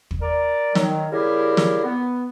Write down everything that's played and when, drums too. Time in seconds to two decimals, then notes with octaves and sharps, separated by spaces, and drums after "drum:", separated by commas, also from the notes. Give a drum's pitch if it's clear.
0.11 drum: kick
0.21 A#4 D5
0.75 D#3 F#3, drum: snare
1.11 C#3 G3 E4 G4 G#4 A#4
1.57 drum: snare
1.84 B3